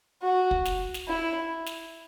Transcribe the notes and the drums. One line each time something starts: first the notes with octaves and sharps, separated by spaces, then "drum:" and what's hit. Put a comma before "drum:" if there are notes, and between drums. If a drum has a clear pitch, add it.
F#4
drum: kick
drum: snare
drum: snare
E4
drum: snare